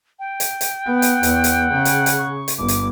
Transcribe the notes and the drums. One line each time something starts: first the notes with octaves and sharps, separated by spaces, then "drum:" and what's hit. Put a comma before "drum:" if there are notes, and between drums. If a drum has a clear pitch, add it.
G5
drum: hi-hat
drum: hi-hat
B3 F#5
drum: hi-hat
E2, drum: hi-hat
drum: hi-hat
C#3
drum: hi-hat
drum: hi-hat
C#6
drum: hi-hat
G1 D6
drum: hi-hat